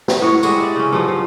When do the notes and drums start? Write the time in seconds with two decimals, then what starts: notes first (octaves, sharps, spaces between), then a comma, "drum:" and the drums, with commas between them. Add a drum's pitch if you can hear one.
0.08 drum: snare
0.21 A2 F#4 C#5
0.43 G3 G#3 F#4, drum: tambourine
0.58 D5 E5
0.76 C#3 C#4
0.93 G2 F3 F#3
1.08 F3